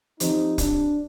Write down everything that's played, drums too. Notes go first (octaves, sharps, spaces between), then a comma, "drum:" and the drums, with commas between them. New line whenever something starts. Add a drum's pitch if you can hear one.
F3 C4 D#4 G4 C5, drum: hi-hat
D4, drum: kick, hi-hat